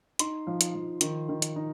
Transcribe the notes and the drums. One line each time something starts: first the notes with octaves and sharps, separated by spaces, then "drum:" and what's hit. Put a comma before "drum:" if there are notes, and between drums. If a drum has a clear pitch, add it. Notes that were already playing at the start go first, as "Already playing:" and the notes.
D#4 C6, drum: hi-hat
F3
drum: hi-hat
F3
D#3, drum: hi-hat
D#3
drum: hi-hat
D#4